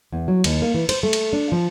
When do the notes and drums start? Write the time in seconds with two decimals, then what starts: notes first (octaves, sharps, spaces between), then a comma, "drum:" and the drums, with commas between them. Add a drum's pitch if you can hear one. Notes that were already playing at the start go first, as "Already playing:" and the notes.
0.12 E2
0.28 F#3
0.44 D#2, drum: cymbal
0.62 A#3
0.74 E3
0.89 C5, drum: cymbal
1.03 A3
1.13 drum: cymbal
1.33 D4
1.52 F3